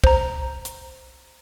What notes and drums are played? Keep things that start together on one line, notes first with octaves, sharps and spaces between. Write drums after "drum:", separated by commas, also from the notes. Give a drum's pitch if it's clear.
C5 A#5, drum: kick
drum: hi-hat